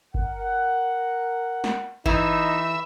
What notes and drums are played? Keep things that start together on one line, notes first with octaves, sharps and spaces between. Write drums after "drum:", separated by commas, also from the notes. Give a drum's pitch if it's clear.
A#4 F#5, drum: kick G1
drum: snare
E3 D#4 E5, drum: kick G1